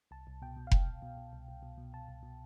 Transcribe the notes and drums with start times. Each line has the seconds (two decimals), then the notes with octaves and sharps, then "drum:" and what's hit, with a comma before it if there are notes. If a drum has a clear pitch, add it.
0.11 C2 A5
0.27 C2
0.42 B2 G5
0.57 B2
0.67 F5
0.71 C2 G5, drum: kick F1
0.88 C2
1.02 B2
1.17 B2
1.33 C2
1.48 C2
1.63 B2
1.78 B2
1.93 C2 A5
2.08 C2
2.23 B2